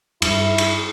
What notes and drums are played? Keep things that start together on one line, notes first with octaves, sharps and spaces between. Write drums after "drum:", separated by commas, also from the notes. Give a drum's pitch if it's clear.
G2 E4, drum: cymbal
drum: cymbal